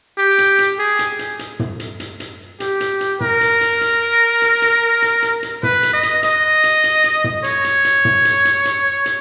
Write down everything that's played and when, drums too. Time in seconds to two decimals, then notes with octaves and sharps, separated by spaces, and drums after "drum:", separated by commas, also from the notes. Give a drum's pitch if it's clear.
0.18 G4
0.38 drum: hi-hat
0.59 drum: hi-hat
0.79 G#4
0.99 drum: hi-hat
1.19 drum: hi-hat
1.39 drum: hi-hat
1.59 drum: tom
1.80 drum: hi-hat
2.00 drum: hi-hat
2.20 drum: hi-hat
2.60 G4, drum: hi-hat
2.80 drum: hi-hat
3.01 drum: hi-hat
3.20 A#4, drum: tom
3.41 drum: hi-hat
3.61 drum: hi-hat
3.81 drum: hi-hat
4.42 drum: hi-hat
4.62 drum: hi-hat
5.02 drum: hi-hat
5.22 drum: hi-hat
5.43 drum: hi-hat
5.63 B4, drum: tom
5.83 drum: hi-hat
5.93 D#5
6.03 drum: hi-hat
6.23 D#5, drum: hi-hat
6.64 drum: hi-hat
6.84 drum: hi-hat
7.04 drum: hi-hat
7.24 drum: tom
7.44 C#5, drum: hi-hat
7.65 drum: hi-hat
7.85 drum: hi-hat
8.05 drum: tom
8.25 drum: hi-hat
8.45 drum: hi-hat
8.65 drum: hi-hat
9.06 drum: hi-hat